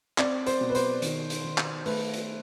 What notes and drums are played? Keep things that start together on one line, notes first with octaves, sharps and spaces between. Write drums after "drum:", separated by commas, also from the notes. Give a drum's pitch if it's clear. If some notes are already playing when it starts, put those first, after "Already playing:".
C4 D5, drum: clap
C5, drum: hi-hat
B2
B4
C5, drum: hi-hat
D#3, drum: hi-hat
drum: hi-hat
D#3
drum: clap
A3 B4, drum: open hi-hat
drum: hi-hat